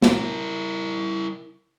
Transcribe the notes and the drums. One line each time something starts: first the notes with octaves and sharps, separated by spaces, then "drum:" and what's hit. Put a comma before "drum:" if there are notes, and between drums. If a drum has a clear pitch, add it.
E4 A#4, drum: snare